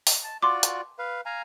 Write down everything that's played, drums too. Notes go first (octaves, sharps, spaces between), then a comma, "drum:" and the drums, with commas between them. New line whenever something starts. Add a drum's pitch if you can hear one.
drum: open hi-hat
A5
F4 F#4 D5 C6 D6
drum: hi-hat
B4 F5
F5 G#5 A#5